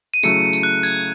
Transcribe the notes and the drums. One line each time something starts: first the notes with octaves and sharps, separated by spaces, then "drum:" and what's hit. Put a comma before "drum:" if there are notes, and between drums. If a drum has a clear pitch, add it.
D#7
C#3 F#3 A3 E4 C#7, drum: tambourine
drum: tambourine
F#6
G#6, drum: tambourine